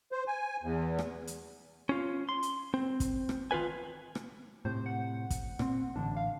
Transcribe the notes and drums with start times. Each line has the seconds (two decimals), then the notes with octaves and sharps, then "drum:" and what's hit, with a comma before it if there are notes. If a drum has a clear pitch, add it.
0.12 C5
0.27 G#5
0.63 E2
0.99 drum: rim click
1.27 drum: hi-hat
1.89 C#4 F4
2.29 C6
2.43 drum: hi-hat
2.74 C4
3.00 drum: kick, hi-hat
3.29 drum: rim click
3.51 D#3 F4 F#4 B4 G#5
4.15 drum: rim click
4.65 A2 C3 C5
4.86 F#5
5.30 drum: kick, hi-hat
5.59 A#2 C4, drum: rim click
5.96 A1 D3 D4
6.16 F5